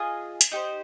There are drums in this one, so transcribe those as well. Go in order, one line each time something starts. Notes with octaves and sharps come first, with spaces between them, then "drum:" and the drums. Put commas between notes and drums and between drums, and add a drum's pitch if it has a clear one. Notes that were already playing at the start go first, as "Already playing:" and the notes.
Already playing: F4 G#4 D#5 G#5
drum: hi-hat
D#4 G4 C5